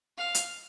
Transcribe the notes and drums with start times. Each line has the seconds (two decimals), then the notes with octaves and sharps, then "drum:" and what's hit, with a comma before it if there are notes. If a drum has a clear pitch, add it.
0.18 F5
0.35 drum: hi-hat